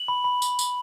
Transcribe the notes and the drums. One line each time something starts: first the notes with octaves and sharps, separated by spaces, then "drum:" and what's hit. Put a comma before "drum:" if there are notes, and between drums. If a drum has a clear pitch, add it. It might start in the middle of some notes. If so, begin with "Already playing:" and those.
Already playing: F#7
B5
B5
drum: tambourine
drum: tambourine